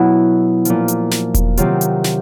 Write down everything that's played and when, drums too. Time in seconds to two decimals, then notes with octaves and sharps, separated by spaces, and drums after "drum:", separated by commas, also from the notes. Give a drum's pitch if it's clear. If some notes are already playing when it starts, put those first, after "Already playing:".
Already playing: B2 F#3 E4
0.65 A#2 F3, drum: hi-hat
0.88 drum: hi-hat
1.11 drum: snare
1.35 drum: kick E1, hi-hat
1.57 C3 D#3 F#3 F4, drum: hi-hat
1.81 drum: hi-hat
2.04 drum: snare